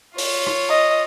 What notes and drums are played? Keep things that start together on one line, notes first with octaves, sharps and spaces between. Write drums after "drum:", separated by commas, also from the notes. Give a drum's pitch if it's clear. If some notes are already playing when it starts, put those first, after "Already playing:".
F4 C#5, drum: open hi-hat
drum: rim click
D#5